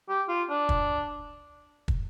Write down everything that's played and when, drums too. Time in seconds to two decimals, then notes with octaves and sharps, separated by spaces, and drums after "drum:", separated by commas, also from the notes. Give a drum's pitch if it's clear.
0.09 G4
0.29 F4
0.50 D4
0.69 drum: kick
1.88 drum: kick